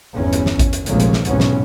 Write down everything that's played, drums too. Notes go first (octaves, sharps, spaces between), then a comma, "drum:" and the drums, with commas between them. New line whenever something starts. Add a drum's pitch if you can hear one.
G1 E2 C#4
drum: hi-hat
drum: snare
drum: kick A1, hi-hat
drum: hi-hat
F1 A#1 C3 G#3 A#3 C#4, drum: hi-hat
drum: hi-hat
drum: snare
B1 E2 G#2 C3 B3 C#4, drum: hi-hat
drum: snare